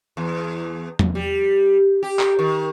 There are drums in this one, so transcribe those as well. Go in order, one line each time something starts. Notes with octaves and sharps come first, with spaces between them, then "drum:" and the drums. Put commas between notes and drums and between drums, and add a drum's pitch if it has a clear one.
E2
drum: tom
G3
G4
drum: clap
D#3